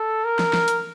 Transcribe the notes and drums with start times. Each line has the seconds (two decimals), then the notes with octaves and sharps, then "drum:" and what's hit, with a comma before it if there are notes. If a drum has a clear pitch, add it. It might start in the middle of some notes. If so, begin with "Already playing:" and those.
Already playing: A4
0.24 A#4
0.39 drum: snare
0.53 drum: snare
0.68 drum: hi-hat